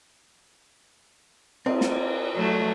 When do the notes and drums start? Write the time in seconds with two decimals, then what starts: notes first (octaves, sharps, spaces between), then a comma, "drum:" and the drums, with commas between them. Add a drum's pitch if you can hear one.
1.66 C4, drum: cymbal
1.81 drum: snare
2.35 F#3 A3